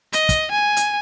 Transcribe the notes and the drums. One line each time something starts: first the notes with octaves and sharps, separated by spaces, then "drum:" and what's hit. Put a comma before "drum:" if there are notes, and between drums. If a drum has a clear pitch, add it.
D#5, drum: hi-hat
drum: kick, hi-hat
G#5
drum: hi-hat